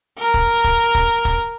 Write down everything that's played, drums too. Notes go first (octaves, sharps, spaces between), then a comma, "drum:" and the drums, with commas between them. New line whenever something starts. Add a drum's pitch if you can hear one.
A#4
drum: kick
drum: kick
drum: kick
drum: kick